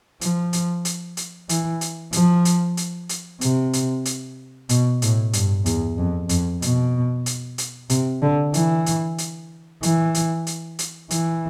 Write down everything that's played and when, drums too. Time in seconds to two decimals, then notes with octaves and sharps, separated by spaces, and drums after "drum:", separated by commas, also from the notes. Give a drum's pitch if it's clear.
0.21 F3, drum: hi-hat
0.53 drum: hi-hat
0.85 drum: hi-hat
1.17 drum: hi-hat
1.49 E3, drum: hi-hat
1.81 drum: hi-hat
2.13 F3, drum: hi-hat
2.45 drum: hi-hat
2.77 drum: hi-hat
3.09 drum: hi-hat
3.41 C3, drum: hi-hat
3.73 drum: hi-hat
4.05 drum: hi-hat
4.69 B2, drum: hi-hat
5.02 A2, drum: hi-hat
5.33 G2, drum: hi-hat
5.66 E2, drum: hi-hat
5.98 F2
6.29 F2, drum: hi-hat
6.62 B2, drum: hi-hat
7.26 drum: hi-hat
7.58 drum: hi-hat
7.90 C3, drum: hi-hat
8.22 D3
8.54 E3, drum: hi-hat
8.86 drum: hi-hat
9.18 drum: hi-hat
9.83 E3, drum: hi-hat
10.15 drum: hi-hat
10.47 drum: hi-hat
10.79 drum: hi-hat
11.11 E3, drum: hi-hat